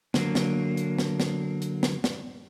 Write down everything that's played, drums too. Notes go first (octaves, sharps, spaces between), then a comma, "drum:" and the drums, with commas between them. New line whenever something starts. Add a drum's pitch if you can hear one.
D3 F#3 A#3, drum: snare
drum: snare
drum: hi-hat
drum: snare
drum: snare
drum: hi-hat
drum: snare
drum: snare